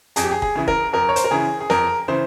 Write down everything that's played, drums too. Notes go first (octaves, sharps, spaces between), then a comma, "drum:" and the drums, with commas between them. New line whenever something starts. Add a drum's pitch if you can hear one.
F2 G#4, drum: hi-hat
G4
G#4
G#4, drum: kick
C#3 E3
A#4, drum: kick
F2 A#4
C#5
C5, drum: hi-hat
A#4
C#3 E3 G#4
G#4
F2 A#4, drum: snare
C#3 E3 C5